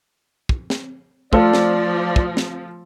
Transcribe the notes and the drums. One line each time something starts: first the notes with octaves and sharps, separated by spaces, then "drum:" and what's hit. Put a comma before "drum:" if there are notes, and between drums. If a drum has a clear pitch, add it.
drum: kick
drum: snare
F3 A3 F4 A4 D5, drum: kick
drum: snare
drum: kick
drum: snare